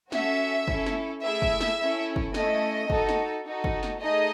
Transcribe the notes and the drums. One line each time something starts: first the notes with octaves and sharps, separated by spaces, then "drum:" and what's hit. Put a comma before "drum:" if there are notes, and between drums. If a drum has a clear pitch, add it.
C#4 F#4 A4 E5, drum: snare
C#4 E4 A4, drum: kick
drum: snare
A3 E4 G#4 E5
drum: kick
drum: snare
C#4 E4 A4
drum: kick
A3 C#4 E4 D#5, drum: snare
D#4 F#4 A4, drum: kick
drum: snare
D#4 F#4 A4
drum: kick
drum: snare
A3 D#4 G#4 D#5